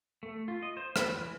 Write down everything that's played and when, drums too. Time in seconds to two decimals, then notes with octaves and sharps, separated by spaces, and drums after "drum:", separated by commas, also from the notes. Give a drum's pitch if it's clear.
0.23 A3
0.48 F4
0.63 D#5
0.77 C5
0.96 B4, drum: rim click
1.16 E3